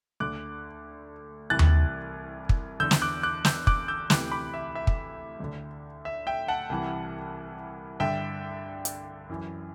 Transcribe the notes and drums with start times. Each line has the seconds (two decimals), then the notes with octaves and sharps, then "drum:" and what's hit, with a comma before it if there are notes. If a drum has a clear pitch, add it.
0.20 D2 D3 D6 F#6
1.50 C2 C3 E3 F#6 A6
1.59 drum: tom D#2
2.49 drum: kick
2.80 E2 D3 E6 G6
2.91 drum: snare
3.02 D6 F#6
3.23 D6 F#6
3.45 E6 G6, drum: snare
3.67 D6 F#6, drum: kick
3.88 E6 G6
4.10 D2 C3 E3 D6 F#6, drum: snare
4.31 B5 D6
4.54 E5
4.75 E5
4.87 drum: kick
5.40 D2 D3
6.05 E5
6.27 E5 G5
6.48 F#5 A5
6.69 C2 C3 E3
8.00 G2 D3 E5 G5
8.85 drum: hi-hat
9.29 F#2 E3